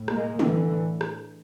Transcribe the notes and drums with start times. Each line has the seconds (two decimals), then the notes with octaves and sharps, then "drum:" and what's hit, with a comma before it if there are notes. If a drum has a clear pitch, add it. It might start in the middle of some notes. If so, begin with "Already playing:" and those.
Already playing: A2
0.08 G#3 A#3, drum: rim click
0.39 A2 D3 E3, drum: tom
1.01 drum: rim click